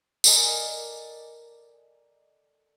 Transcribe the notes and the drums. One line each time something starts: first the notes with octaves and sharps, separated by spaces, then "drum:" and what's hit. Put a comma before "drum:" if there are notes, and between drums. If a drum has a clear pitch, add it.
A4 A#4 D5 D#5 G#5 A5, drum: tambourine